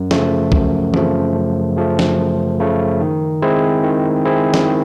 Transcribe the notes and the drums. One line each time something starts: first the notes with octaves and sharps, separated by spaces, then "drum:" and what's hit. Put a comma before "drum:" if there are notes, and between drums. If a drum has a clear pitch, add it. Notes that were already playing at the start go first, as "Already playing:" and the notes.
Already playing: F#2
C#3 F3 A3, drum: snare
F#2, drum: kick B1
C#3 F3 A3, drum: tom E3
F#2
C#3 F3 A3
drum: snare
F#2
C#3 F3 A3
D#3
G#3 C4 E4 G#4
D#3
G#3 C4 E4 G#4
drum: snare
D#3